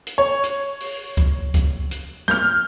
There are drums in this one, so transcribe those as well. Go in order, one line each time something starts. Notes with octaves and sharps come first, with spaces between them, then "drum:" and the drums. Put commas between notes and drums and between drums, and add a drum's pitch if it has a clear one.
drum: hi-hat
C#5
drum: hi-hat
drum: open hi-hat
drum: kick C#2, hi-hat
drum: kick C#2, hi-hat
drum: hi-hat
F6 G6, drum: snare